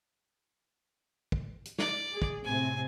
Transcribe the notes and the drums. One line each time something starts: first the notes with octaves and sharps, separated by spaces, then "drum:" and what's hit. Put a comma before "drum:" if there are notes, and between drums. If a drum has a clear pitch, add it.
drum: kick
drum: hi-hat
D5, drum: snare
G#4
drum: kick
A2 C3 C4 G#5